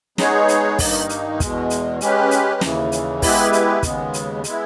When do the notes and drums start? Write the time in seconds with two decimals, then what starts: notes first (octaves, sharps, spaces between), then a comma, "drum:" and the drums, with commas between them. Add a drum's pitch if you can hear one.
0.18 G#3 B3 D#4 G#4 C#5, drum: snare
0.48 drum: hi-hat
0.79 G2 D#3 A#3 D#4, drum: kick, open hi-hat
1.09 drum: hi-hat
1.40 E2 B2 G#3, drum: kick, hi-hat
1.70 drum: hi-hat
2.01 G#3 C#4 G4 B4, drum: hi-hat
2.31 drum: hi-hat
2.61 D#2 C#3 E3, drum: snare
2.92 drum: hi-hat
3.22 G#3 B3 E4 G4 B4, drum: kick, open hi-hat
3.53 drum: hi-hat
3.83 D#2 C#3 G#3 B3, drum: kick, hi-hat
4.14 drum: hi-hat
4.44 G#3 B3 E4, drum: hi-hat